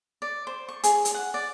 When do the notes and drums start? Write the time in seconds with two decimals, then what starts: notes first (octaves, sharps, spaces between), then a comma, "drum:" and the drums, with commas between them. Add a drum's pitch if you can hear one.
0.22 D5
0.47 C5
0.69 C#6
0.84 G#4, drum: hi-hat
1.05 drum: hi-hat
1.14 F#5
1.34 D5